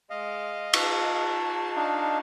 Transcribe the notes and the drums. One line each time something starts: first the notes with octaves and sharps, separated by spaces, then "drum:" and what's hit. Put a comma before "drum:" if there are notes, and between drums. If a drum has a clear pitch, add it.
G#3 D#5 F5
A5, drum: cymbal
D4 D#4 F5